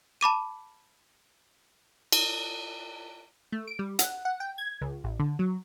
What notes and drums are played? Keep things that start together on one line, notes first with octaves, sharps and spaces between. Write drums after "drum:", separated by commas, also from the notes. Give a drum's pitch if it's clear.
A5 B5 D6 D#7
drum: cymbal
A3
D7
G3
F#5, drum: hi-hat
F#5
G5
G#6
C#2
A1
D3
F#3